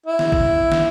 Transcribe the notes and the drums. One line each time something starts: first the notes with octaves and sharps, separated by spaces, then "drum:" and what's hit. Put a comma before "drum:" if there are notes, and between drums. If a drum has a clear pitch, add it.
E4
drum: snare
drum: kick
drum: snare